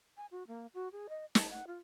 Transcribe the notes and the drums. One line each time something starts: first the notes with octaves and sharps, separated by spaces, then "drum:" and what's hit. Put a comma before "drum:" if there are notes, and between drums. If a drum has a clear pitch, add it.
G#5
F#4
A#3
F#4
G#4
D#5
A5, drum: snare
F#5
F4